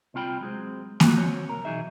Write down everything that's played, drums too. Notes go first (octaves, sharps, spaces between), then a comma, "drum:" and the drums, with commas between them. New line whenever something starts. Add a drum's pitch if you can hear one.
C2 C4 F4 G5 B5
F#3 G#3 C4
A#3 F4 F#4 A4, drum: snare A#3
C4 F#4 C#5
C2 A#4
B1 E3 F#3 D#4 G#4 E5